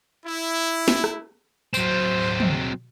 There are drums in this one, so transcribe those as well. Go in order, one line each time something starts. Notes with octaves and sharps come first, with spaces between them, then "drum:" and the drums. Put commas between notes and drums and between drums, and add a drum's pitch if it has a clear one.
E4
drum: snare
drum: rim click
F#3 C4 C5, drum: tambourine
drum: tom